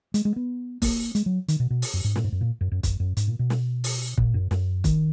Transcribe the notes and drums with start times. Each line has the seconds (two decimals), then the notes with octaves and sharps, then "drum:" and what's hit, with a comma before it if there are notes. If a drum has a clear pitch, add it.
0.14 G#3, drum: hi-hat
0.25 G#3
0.36 B3
0.82 A#3, drum: kick, open hi-hat
1.15 G#3, drum: hi-hat
1.26 F#3
1.48 D#3, drum: hi-hat
1.60 B2
1.70 B2
1.82 drum: open hi-hat
1.94 F#2
2.04 G#2
2.16 A#2, drum: snare
2.24 G#2
2.32 F#2
2.41 A#2
2.61 F#2
2.72 F#2
2.83 F#2, drum: kick, hi-hat
3.00 F#2
3.17 G#2, drum: hi-hat
3.27 A#2
3.39 B2
3.50 drum: snare
3.84 drum: open hi-hat
4.17 A#2, drum: kick
4.34 F#2
4.51 F#2, drum: snare
4.84 D#3, drum: kick, hi-hat